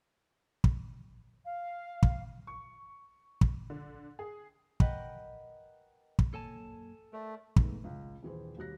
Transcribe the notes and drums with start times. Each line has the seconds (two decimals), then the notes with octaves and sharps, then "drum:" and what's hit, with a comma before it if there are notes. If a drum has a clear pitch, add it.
0.64 drum: kick
1.45 F5
2.03 drum: kick
2.47 C#6
3.41 drum: kick
3.70 D3
4.19 G#4
4.80 A#4 B4 D#5 F#5 G5, drum: kick
6.19 drum: kick
6.34 F#2 A#3 A4 C#5 G#5 A5
7.13 A3 A#4 D5
7.56 G#3 A3 B3 D#4, drum: kick
7.84 C#2
8.23 D#1 E3 G#4 C5
8.57 D#2 B2 G3 F#6 A#6